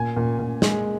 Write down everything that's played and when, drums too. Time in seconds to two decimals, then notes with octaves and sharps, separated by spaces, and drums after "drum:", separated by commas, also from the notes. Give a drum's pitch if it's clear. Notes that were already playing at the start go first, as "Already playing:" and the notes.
Already playing: A#2 G#5
0.16 A#2
0.39 A#2
0.62 G#3, drum: snare